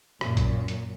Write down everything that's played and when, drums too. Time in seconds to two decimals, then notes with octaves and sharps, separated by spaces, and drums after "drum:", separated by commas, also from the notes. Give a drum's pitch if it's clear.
0.21 F#2 A#2, drum: rim click
0.37 drum: kick A#1, hi-hat
0.68 drum: hi-hat